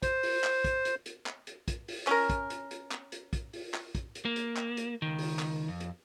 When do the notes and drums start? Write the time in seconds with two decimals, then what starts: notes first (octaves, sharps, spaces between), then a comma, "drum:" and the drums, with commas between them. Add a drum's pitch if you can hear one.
0.03 C5, drum: kick, hi-hat
0.23 drum: open hi-hat
0.44 drum: clap
0.64 drum: kick, hi-hat
0.85 drum: hi-hat
1.06 drum: hi-hat
1.26 drum: clap
1.47 drum: hi-hat
1.68 drum: kick, hi-hat
1.88 drum: open hi-hat
2.07 C#4 A#4, drum: clap
2.30 drum: kick, hi-hat
2.50 drum: hi-hat
2.71 drum: hi-hat
2.91 drum: clap
3.12 drum: hi-hat
3.33 drum: kick, hi-hat
3.53 drum: open hi-hat
3.74 drum: clap
3.95 drum: kick, hi-hat
4.15 drum: hi-hat
4.25 A#3
4.36 drum: hi-hat
4.57 drum: clap
4.77 drum: hi-hat
5.02 C#2 D#3
5.18 drum: open hi-hat
5.39 drum: clap
5.68 F2
5.80 drum: hi-hat